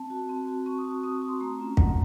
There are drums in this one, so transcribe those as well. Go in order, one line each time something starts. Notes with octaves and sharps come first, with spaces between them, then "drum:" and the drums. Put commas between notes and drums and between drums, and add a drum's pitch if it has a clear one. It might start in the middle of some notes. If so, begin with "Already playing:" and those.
Already playing: C4 A5
F#4
C4
F#4
C4 C#6
D#6
F#4
C#6
C4 D#6
F#4
C6
A3 A#5
C#4 F4
A3 F#5, drum: kick